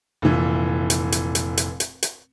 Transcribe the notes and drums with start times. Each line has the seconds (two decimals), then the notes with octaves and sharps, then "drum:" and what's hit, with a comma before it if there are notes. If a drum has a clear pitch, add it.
0.22 F1 A#2 E3
0.90 drum: hi-hat
1.12 drum: hi-hat
1.35 drum: hi-hat
1.57 drum: hi-hat
1.80 drum: hi-hat
2.03 drum: hi-hat